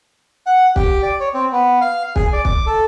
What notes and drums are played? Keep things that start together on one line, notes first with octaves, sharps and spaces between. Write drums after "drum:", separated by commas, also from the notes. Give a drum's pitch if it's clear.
F#5
G4, drum: kick
D5
C#5
C4
B3
F5
G#4, drum: kick
D5
D6, drum: kick
A4